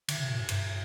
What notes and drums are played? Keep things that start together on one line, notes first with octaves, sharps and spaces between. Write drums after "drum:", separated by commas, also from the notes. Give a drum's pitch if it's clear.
D3, drum: cymbal
C3
A#2
G#2
G2, drum: cymbal